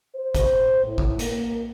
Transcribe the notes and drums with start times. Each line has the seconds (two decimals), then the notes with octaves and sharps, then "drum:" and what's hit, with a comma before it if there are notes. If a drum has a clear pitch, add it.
0.15 C5
0.35 drum: kick G1, hi-hat
0.84 A2
0.98 drum: kick G1
1.19 A#3, drum: hi-hat